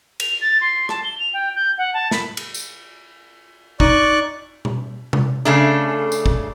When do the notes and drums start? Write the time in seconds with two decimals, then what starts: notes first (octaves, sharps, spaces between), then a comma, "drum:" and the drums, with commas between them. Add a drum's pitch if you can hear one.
0.20 F7, drum: cymbal
0.41 A6
0.61 C6
0.89 A5, drum: rim click
1.03 G7
1.19 F7
1.33 G5
1.55 G6
1.78 F#5
1.93 A5
2.11 B5, drum: snare
2.37 drum: cymbal
2.54 drum: tambourine
3.80 D#4 D5 C#6 F#6, drum: kick G1
4.65 drum: tom B2
5.13 drum: tom C3
5.45 C#3 A3 D4
6.12 drum: tambourine
6.26 drum: kick G1